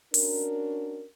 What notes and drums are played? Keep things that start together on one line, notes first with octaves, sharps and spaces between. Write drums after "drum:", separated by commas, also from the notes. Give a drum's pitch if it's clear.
C#4 D4 F#4 A#4, drum: open hi-hat